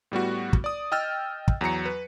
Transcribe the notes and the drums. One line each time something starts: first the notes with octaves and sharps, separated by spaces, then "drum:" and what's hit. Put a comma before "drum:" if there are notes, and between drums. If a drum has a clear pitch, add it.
A2 G3 B3 F#4
drum: kick
D5 D#6
D#5 G5 E6 F6 A6
drum: kick
E2 F#3 A#5 C#7
B4